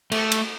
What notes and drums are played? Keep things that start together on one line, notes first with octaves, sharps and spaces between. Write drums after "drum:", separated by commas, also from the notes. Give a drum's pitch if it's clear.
A3, drum: cymbal
drum: cymbal